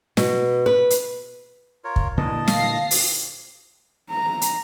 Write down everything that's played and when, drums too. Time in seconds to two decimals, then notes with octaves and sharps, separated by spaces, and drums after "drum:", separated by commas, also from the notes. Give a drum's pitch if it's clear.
0.17 B2, drum: snare
0.66 B4
0.90 drum: hi-hat
1.84 F4 A#4 C#5
1.96 drum: kick
2.17 A#2 D3 E3 D#5 A5
2.48 F5 A#6 C7, drum: snare
2.91 drum: open hi-hat
4.11 A#5
4.41 drum: hi-hat